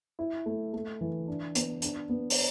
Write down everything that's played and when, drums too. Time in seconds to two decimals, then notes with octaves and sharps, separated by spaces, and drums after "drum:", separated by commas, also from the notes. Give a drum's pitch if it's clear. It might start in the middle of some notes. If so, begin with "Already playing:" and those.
0.19 E4
0.46 A3
0.73 A3
1.01 E3
1.28 D4
1.55 B3, drum: hi-hat
1.82 D4, drum: hi-hat
2.09 B3
2.30 drum: open hi-hat